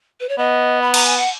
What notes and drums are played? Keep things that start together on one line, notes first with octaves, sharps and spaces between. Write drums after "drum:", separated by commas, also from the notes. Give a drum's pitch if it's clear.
B4
C#5
B3 D#5
B5
A#5, drum: cymbal
G#5
F#5